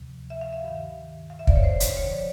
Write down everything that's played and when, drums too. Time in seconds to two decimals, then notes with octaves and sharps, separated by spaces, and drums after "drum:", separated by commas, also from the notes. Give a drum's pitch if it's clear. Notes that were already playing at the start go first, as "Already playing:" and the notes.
Already playing: D2 C3 F3
0.30 E5
0.41 F5
0.53 E5
0.64 G2 D#3
1.30 F5
1.39 E5
1.47 D5, drum: kick
1.56 C#5
1.64 C5
1.80 C5, drum: hi-hat
1.97 D2 D3 F3 C#5
2.08 D5